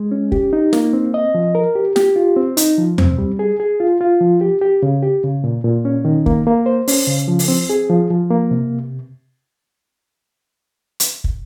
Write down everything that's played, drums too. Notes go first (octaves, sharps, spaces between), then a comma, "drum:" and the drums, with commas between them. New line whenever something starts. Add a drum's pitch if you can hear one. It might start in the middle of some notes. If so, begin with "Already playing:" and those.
Already playing: G#3
C#4
G4, drum: kick
D#4
A#3, drum: snare
C4
D#5
F3
A#4
G4
G4, drum: snare
F4
C4
D#4, drum: hi-hat
F3
C4, drum: tom E2
G3
G#4
G#4
F4
F4
F3
G4
G4
C#3
G4
C#3
A#2
A#2
C#4
D#3
A#3, drum: kick
A#3
C5
C#4, drum: open hi-hat
C#3
F3
drum: open hi-hat
C4
G#4
F3
F3
A#3
C3
drum: hi-hat
drum: kick